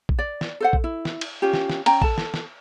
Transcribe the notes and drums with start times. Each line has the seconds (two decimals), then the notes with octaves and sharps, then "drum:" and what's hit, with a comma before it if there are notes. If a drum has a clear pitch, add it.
0.09 drum: kick A#1
0.19 D5
0.41 drum: snare
0.60 A4 C5 F#5
0.73 drum: kick A#1
0.84 E4
1.05 drum: snare
1.21 drum: cymbal
1.42 C#4 F4 G4
1.53 drum: snare
1.70 drum: snare
1.86 C#4 G5 A#5, drum: cymbal
2.02 A4 A5, drum: kick A#1
2.18 drum: snare
2.34 drum: snare